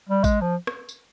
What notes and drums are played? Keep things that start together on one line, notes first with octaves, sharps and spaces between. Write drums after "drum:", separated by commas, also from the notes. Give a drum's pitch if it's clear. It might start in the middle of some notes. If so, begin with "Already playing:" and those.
G3
G#3, drum: kick A1, tambourine
F3
drum: rim click
drum: tambourine